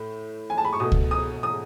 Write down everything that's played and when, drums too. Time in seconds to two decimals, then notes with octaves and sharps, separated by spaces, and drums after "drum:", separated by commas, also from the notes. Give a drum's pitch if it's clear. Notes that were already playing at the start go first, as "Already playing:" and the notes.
Already playing: A2 A3
0.50 G#5
0.58 A5
0.65 B5
0.73 C#6
0.80 B2 A3 D#6
0.92 drum: kick C#2
1.11 D#6
1.43 D#6